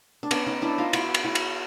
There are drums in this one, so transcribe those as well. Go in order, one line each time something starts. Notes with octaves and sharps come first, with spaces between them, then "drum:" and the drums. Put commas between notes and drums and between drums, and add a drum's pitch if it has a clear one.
D4
B3 C#4, drum: cymbal
C#4 D#4
D4 E4
D#4 F4
E4 F#4, drum: cymbal
drum: cymbal
E4 F#4
drum: cymbal